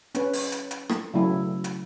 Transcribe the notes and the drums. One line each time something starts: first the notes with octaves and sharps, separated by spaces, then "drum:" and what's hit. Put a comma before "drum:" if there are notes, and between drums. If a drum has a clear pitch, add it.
C#4 B4, drum: hi-hat
drum: open hi-hat
drum: hi-hat
drum: hi-hat
drum: rim click
C#3 F#3 A3 E4
drum: hi-hat